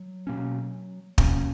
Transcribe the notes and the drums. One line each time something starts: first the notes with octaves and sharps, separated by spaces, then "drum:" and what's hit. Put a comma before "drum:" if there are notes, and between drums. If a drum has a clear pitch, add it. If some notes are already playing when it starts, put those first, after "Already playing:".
Already playing: F#3
B2 A#3 C#4
B2 F3 A#3 C#4, drum: kick